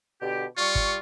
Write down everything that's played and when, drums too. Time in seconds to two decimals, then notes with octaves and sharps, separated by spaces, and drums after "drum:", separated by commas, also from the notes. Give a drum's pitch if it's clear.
0.21 B2 D3 G4
0.57 G3 F4 C#6
0.75 drum: kick G1